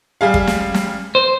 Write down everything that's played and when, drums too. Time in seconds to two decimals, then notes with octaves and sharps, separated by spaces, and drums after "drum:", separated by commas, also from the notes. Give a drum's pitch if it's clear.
0.21 G3 G#4 F5
0.34 drum: kick
0.47 drum: snare
0.74 drum: snare
1.15 C5